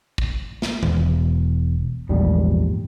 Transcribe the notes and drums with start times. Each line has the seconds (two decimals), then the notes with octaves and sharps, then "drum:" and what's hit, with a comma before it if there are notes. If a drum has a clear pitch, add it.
0.18 drum: kick
0.62 drum: snare
0.83 E1, drum: tom D#3
2.09 A#1 E2 G#2 G3